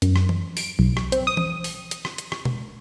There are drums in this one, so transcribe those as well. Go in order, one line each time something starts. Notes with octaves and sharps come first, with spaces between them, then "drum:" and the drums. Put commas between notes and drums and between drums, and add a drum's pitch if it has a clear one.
F#2, drum: hi-hat
drum: rim click
drum: tom E3
D7, drum: open hi-hat
B1
drum: rim click
C4, drum: hi-hat
D#6
drum: tom E3
drum: open hi-hat
drum: hi-hat
drum: rim click
drum: hi-hat
drum: rim click
drum: tom B2